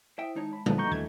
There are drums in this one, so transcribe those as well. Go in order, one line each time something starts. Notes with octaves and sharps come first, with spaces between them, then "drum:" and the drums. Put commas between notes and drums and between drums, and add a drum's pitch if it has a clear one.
E4 C5 E5 G5 D#6
D#3 G#3 D#4 C#5 A5
B5
F#2 A#2 D3 F3 A3 B3, drum: tom G3
D4 F#4 D#5 A#5 C#6 G6
D#2 D3 E3 A3 G#6